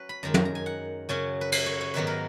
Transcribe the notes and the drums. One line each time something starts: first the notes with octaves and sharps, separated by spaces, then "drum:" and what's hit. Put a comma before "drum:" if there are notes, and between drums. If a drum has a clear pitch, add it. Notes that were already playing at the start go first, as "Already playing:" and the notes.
Already playing: F#3 C#4 B4
B5
F#2 D#3 G#3 A#5
A#5, drum: tom
A#5
G#5
F#5
F#2 C#3 F#3 C#4 G#5
B4
B4, drum: cymbal
C#5
C#5
G#2 D#3 F#3 B3 B4
A#4